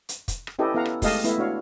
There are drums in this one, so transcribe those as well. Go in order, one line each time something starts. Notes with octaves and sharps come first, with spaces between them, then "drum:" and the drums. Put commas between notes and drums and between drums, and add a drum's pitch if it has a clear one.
drum: hi-hat
drum: kick, hi-hat
drum: rim click
C#4 E4 G4 A4 B4 D#5
B3 E4 A4 F5 F#5 A#5
drum: rim click
G#3 A3 G4 D#5 F5 A5, drum: kick, open hi-hat
A3 B3 E4 B4, drum: hi-hat
D4 F#4 C#5 F5